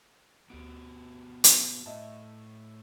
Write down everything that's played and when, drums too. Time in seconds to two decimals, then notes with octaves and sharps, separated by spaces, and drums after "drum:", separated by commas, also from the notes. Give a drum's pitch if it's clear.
0.50 D2 B3 F#4 G4 D7
1.44 drum: hi-hat
1.86 A2 D#5 E5 A5